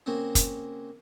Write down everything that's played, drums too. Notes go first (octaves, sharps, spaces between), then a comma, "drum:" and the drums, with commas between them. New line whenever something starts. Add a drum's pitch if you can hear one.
C#3 A#3 C4 C#4 F#4
drum: kick, hi-hat